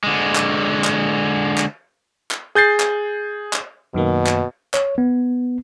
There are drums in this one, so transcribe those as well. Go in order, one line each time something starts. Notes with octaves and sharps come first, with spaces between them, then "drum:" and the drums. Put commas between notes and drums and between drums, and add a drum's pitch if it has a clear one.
D3 G#3
drum: clap
drum: clap
drum: clap
drum: clap
G#4 G6 A6 C7
drum: clap
drum: clap
F#2 B2 D#3 A#3
drum: clap
C#5, drum: clap
B3